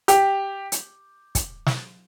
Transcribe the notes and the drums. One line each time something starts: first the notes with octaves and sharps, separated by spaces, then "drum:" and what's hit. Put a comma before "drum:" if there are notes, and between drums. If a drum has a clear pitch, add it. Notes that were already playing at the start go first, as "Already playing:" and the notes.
G4, drum: hi-hat
drum: hi-hat
drum: kick, hi-hat
drum: snare